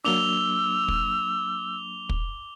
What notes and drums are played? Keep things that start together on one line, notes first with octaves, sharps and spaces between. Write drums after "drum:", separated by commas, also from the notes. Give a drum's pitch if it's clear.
F#3 A#3 D4 D6 E6 F7 G7
drum: kick
drum: kick